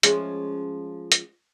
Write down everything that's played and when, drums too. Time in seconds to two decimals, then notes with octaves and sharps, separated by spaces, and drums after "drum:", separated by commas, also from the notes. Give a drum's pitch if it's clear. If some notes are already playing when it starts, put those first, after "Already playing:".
0.03 F3 G#3 C#4, drum: hi-hat
1.12 drum: hi-hat